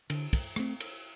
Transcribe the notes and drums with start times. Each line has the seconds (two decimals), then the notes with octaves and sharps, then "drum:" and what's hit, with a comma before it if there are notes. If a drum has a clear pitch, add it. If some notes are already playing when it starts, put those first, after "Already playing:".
0.10 D3, drum: cymbal
0.33 drum: kick, cymbal
0.56 A3 C4, drum: rim click
0.80 drum: cymbal